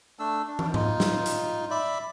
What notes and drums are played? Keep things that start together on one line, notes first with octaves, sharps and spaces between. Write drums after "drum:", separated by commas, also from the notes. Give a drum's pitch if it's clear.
A3 D4 E6
D4
drum: tom
D#4 F4, drum: tom G#2
drum: snare
drum: hi-hat
D5 E5 B5